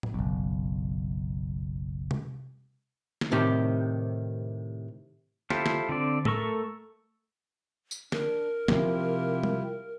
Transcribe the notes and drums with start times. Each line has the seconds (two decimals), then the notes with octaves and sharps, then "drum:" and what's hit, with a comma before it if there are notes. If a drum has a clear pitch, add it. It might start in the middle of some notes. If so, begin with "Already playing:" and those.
0.03 drum: tom A2
0.14 F#1 B1
2.11 drum: tom C3
3.21 drum: snare
3.31 A2 C3 D#3 G4
5.50 E4 F4 G4 A4 C5, drum: snare
5.66 drum: snare
5.89 D3 C4 D5
6.25 A3 A4 A#4 C#6 E6, drum: tom A2
7.91 drum: tambourine
8.12 D4 A#4, drum: snare
8.68 C3 F3 A#3 E4 F4 G4, drum: snare
9.43 drum: tom G3